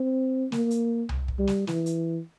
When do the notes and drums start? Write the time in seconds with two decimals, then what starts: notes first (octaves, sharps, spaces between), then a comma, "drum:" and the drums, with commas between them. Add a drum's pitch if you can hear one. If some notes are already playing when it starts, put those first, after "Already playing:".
Already playing: C4
0.52 A#3, drum: snare
0.71 drum: hi-hat
1.09 drum: tom C2
1.28 drum: kick
1.38 G3
1.47 drum: snare
1.67 E3, drum: snare
1.86 drum: hi-hat